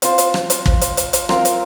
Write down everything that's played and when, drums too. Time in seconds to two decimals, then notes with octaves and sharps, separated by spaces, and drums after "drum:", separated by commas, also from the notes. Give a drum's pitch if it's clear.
0.02 C4 F4 C5, drum: hi-hat
0.18 drum: hi-hat
0.34 drum: rim click
0.50 drum: hi-hat
0.66 drum: kick
0.81 drum: hi-hat
0.97 drum: hi-hat
1.13 drum: hi-hat
1.29 C4 F4 A#4, drum: rim click
1.45 drum: hi-hat